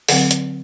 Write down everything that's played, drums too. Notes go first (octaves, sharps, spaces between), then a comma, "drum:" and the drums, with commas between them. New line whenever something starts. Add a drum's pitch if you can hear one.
D3 F#3 C4 F#5, drum: open hi-hat
drum: hi-hat